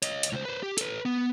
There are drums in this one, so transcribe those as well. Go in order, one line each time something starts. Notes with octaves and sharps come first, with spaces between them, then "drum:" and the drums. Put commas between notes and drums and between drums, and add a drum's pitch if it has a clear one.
C#5 D#5, drum: hi-hat
drum: hi-hat
C#2 C5
B4 C5
G4
A4 B4, drum: hi-hat
B3